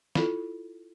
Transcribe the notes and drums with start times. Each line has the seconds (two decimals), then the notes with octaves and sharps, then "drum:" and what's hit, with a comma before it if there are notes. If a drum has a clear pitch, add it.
0.15 E4 F4 A4, drum: snare